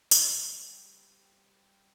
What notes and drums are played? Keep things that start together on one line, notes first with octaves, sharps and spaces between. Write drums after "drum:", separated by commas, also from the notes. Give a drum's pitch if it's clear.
G3 C4 G4, drum: tambourine